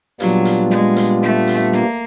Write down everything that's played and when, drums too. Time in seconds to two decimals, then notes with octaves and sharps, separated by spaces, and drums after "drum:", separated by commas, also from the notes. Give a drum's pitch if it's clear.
0.20 A#2 F#3 G3 B3 D4 F4, drum: hi-hat
0.45 drum: hi-hat
0.70 G#3, drum: snare
0.96 drum: hi-hat
1.22 A3, drum: snare
1.48 drum: hi-hat
1.73 A#3, drum: snare